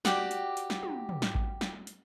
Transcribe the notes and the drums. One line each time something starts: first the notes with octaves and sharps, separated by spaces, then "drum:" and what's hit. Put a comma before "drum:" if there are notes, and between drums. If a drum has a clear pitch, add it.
F#4 G4 D5 G5, drum: snare
drum: hi-hat
drum: hi-hat
drum: snare
drum: tom
drum: tom
drum: snare
drum: kick A1
drum: snare
drum: hi-hat